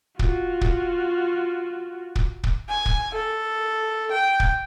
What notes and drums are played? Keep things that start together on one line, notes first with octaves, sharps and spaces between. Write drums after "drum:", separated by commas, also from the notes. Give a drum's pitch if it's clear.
F4 F#4, drum: kick
drum: kick
drum: kick
drum: kick
G#5
drum: kick
A4
G5
drum: kick